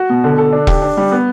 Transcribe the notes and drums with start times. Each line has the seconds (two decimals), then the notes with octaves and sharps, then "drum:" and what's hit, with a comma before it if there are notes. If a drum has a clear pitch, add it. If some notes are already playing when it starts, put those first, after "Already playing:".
Already playing: F#4
0.10 B2
0.24 D3
0.38 A4
0.52 D4
0.67 G4, drum: kick E1
0.82 D4
0.97 G3
1.12 B3